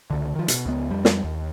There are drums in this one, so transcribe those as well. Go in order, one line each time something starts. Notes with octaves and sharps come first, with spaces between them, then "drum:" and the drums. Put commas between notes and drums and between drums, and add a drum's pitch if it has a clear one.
C#2 D3
D#3 F3
B2, drum: hi-hat
C#2 B3
F2 G3
drum: snare
D#2